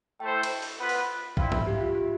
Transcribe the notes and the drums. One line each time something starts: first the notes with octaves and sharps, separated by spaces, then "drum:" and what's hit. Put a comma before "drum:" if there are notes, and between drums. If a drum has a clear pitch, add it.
A3 E4 A4 C5 G5
drum: cymbal
drum: open hi-hat
B3 F4 B4
drum: open hi-hat
G3 C4 E4 F5, drum: kick A#1
E5, drum: tom G#2
G4
F4
F4